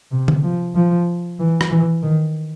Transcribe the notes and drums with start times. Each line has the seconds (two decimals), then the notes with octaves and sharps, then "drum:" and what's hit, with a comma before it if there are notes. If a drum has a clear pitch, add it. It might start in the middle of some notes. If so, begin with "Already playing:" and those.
0.11 C3
0.28 drum: tom D3
0.44 F3
0.75 F3
1.39 E3
1.61 drum: rim click
1.71 E3
2.03 D#3